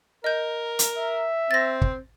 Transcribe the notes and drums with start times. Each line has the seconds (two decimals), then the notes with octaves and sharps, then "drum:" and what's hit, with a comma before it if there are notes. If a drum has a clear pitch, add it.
0.24 A#4 D#5 G6
0.79 drum: hi-hat
0.97 E5
1.51 C4 A6 A#6
1.82 drum: kick